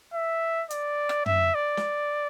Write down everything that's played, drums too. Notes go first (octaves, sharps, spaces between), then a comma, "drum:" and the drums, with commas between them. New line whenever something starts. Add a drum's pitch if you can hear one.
E5
D5, drum: hi-hat
drum: rim click
E5, drum: tom
D5
drum: snare